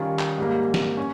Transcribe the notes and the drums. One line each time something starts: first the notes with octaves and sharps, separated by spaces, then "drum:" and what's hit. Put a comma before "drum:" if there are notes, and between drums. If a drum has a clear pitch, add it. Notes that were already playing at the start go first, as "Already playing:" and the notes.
Already playing: D#3 G3 C#4 F4
drum: clap
G#2 G3 A#3
drum: snare
C#4